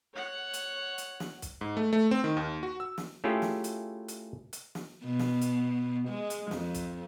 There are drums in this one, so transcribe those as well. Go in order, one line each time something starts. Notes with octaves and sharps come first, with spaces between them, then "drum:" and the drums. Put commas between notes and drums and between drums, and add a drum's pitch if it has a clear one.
C#5 F#5
drum: hi-hat
drum: hi-hat
drum: snare
drum: kick, hi-hat
G#2
A3
A3
C4
D#3
D#2
F#4
E6
drum: snare
A3 C#4 E4 F4 G4 G#4
drum: snare
drum: hi-hat
drum: hi-hat
drum: hi-hat
drum: snare
B2
drum: snare
drum: hi-hat
G#3
drum: hi-hat
F2, drum: snare
drum: kick, hi-hat